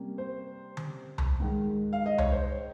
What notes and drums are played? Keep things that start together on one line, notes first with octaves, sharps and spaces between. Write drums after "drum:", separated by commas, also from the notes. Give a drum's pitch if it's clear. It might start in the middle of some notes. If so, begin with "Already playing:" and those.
Already playing: C3 G3 A#3 C#4
C5
drum: tom D3
drum: tom C2
G#2 D#3 G#3
F5
D#5
C#5, drum: tom C2
C5